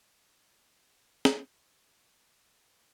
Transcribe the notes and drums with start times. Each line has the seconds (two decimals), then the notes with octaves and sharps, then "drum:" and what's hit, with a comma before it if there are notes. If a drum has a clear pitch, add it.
0.05 A#3 B3 C#4 F4 F#4
1.25 drum: snare